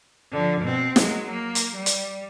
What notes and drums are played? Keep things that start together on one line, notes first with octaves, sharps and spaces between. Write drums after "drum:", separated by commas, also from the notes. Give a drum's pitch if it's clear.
D3 F3
B2 C4
F#3 G#3, drum: snare
A#3
drum: hi-hat
G3
drum: hi-hat